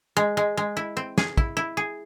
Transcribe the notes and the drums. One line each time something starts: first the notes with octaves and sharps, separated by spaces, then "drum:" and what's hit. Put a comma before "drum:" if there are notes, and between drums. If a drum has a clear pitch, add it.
G#3
G#3
G#3
E4
C4
G#4, drum: snare
E4, drum: kick
E4
G#4